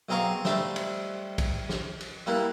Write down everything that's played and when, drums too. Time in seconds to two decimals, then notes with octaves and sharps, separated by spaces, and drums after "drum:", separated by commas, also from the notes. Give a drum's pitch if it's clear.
0.09 B1 C4 G#4 A#4 F5 C#6
0.45 G3 A3 A4 C5, drum: snare
0.76 drum: cymbal
1.38 drum: kick, cymbal
1.69 drum: snare
2.01 drum: cymbal
2.27 G3 A#3 E4 F#5